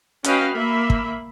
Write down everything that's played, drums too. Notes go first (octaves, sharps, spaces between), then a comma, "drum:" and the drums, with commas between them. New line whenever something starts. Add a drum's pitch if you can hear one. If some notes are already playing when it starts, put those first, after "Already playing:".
C#4 F#4 B4 D#5 F5 G5, drum: hi-hat
A#3 E5 B5
drum: kick